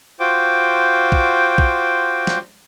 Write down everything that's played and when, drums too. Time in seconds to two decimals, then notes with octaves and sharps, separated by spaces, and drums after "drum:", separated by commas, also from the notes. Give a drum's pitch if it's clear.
0.20 F4 F#4 C5 G5 D6
1.12 drum: kick
1.58 drum: kick
2.27 drum: snare